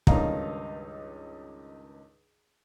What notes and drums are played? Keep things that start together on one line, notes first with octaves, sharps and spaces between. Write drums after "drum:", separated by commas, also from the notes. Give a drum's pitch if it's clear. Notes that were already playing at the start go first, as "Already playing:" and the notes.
C#2 G2 D#3 D#4 F5 A#5, drum: kick